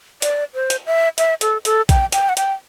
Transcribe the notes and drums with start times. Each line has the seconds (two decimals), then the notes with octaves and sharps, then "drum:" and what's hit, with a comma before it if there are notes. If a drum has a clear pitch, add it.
0.22 D5, drum: hi-hat
0.54 C5
0.70 drum: hi-hat
0.87 E5
1.18 E5, drum: hi-hat
1.41 A4, drum: hi-hat
1.65 A4, drum: hi-hat
1.89 G5, drum: kick A#1, hi-hat
2.12 G5, drum: hi-hat
2.29 F#5
2.37 G5, drum: hi-hat